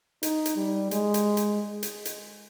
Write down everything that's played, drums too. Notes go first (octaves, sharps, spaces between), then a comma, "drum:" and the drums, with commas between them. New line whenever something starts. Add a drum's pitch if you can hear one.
D#4, drum: hi-hat
drum: hi-hat
G3
G#3, drum: hi-hat
drum: hi-hat
drum: hi-hat
drum: hi-hat
drum: hi-hat